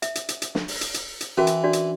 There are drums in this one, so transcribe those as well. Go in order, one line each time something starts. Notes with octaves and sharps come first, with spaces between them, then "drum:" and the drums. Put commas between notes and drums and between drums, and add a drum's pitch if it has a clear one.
E5, drum: hi-hat
drum: hi-hat
drum: hi-hat
drum: hi-hat
drum: snare
drum: open hi-hat
drum: hi-hat
drum: hi-hat
drum: hi-hat
E3 C#4 F#4 A#4
drum: hi-hat
D4 F#4 D5
drum: hi-hat